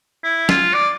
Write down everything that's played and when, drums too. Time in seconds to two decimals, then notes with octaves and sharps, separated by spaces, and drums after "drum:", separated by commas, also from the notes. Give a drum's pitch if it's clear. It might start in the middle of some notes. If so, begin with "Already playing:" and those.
0.24 E4
0.49 F4, drum: snare
0.73 D5